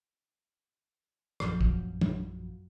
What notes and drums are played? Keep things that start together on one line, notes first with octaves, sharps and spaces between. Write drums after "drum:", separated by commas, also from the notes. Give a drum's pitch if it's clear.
A#1 F#2 F3 F#3, drum: rim click
drum: kick
drum: tom